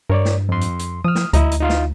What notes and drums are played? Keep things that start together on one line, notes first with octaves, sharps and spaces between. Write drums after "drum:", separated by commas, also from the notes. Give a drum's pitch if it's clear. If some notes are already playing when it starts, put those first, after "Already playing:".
G2 A#4 C#5 D5
drum: snare
F2 C6
drum: hi-hat
drum: hi-hat
F3 D#6 F6
drum: snare
D2 E4 D#5 A#5, drum: kick C#2, hi-hat
drum: hi-hat
D#4 F4 F5
drum: snare